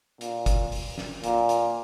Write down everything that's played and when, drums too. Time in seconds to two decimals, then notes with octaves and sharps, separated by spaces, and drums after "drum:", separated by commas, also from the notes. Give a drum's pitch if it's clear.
0.21 A#2, drum: hi-hat
0.46 drum: kick, hi-hat
0.72 drum: open hi-hat
0.98 drum: snare
1.24 A#2, drum: hi-hat
1.49 drum: hi-hat